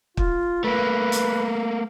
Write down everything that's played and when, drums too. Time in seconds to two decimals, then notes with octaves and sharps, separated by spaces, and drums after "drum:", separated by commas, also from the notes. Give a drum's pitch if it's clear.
0.17 F4, drum: kick
0.64 A3 A#3 B4
1.12 drum: hi-hat